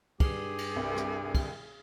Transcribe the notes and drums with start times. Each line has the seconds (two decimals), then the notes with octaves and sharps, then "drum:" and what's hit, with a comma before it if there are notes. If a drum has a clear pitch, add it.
0.20 G2 G4 G#4, drum: kick, cymbal
0.58 drum: cymbal
0.76 C2
0.96 drum: rim click
1.35 drum: kick, cymbal